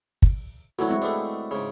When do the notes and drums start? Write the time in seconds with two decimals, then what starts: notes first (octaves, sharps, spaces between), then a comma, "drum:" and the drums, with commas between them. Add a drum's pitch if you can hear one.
0.22 drum: kick
0.79 D2 E3 F#3 E4 F#4
0.90 G#3 C4 E4
1.02 A3 B3 D4
1.51 G#2 C#3